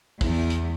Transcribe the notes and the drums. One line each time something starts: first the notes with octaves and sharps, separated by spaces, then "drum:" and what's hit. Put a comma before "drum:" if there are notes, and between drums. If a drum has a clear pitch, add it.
E2, drum: kick, open hi-hat
drum: hi-hat